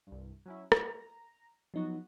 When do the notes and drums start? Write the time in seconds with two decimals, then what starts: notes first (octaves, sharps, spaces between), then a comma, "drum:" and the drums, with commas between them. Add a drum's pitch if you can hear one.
0.07 C2 G2
0.45 F#3 C#4 E4
0.72 A#5, drum: rim click
1.74 F3 F#3 B3 D#4 F#4